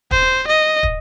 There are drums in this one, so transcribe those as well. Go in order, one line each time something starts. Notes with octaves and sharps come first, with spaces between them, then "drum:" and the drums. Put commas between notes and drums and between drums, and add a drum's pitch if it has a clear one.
C5, drum: kick
D#5
drum: kick